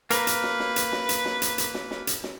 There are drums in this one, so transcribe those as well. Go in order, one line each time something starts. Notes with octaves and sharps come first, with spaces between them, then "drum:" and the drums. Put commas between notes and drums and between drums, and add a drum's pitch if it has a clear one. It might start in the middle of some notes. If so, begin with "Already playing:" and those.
A#3 A#4 B4, drum: hi-hat
drum: hi-hat
drum: snare
drum: snare
drum: hi-hat
drum: snare
drum: hi-hat
drum: snare
drum: hi-hat
drum: hi-hat
drum: snare
drum: snare
drum: hi-hat
drum: snare